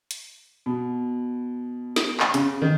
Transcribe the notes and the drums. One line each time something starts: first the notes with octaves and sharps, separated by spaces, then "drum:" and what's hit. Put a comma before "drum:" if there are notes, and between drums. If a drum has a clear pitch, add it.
drum: hi-hat
B2
drum: snare
drum: clap
C#3, drum: hi-hat
D#3